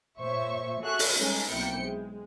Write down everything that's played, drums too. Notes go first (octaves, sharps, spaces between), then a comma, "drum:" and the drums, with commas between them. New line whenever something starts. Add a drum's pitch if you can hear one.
A#2 C5 C#5 E5 C#6
F#4 G#4 A4 E5 C#6 F#6
drum: open hi-hat
G3 G#3 C#4 D#4 G#4 A4
B1 A#3 C4 E4 G5 C#7
G#3